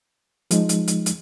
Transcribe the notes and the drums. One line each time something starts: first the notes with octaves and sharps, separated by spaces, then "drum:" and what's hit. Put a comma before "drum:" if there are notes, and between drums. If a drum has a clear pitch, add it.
F3 G#3 D#4, drum: hi-hat
drum: hi-hat
drum: hi-hat
drum: hi-hat